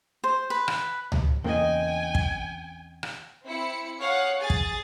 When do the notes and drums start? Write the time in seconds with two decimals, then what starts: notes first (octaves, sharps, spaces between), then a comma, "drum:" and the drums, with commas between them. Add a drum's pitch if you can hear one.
0.24 C5
0.50 B4
0.68 drum: rim click
1.12 drum: tom C#2
1.44 E2 C#3 A#3 C4 D#5 G5 G#5
2.15 drum: kick
3.03 drum: rim click
3.44 C4 E4 B5 C#7
4.00 G#4 C#5 F5 F#5
4.39 G#4 G#5 A6
4.50 drum: kick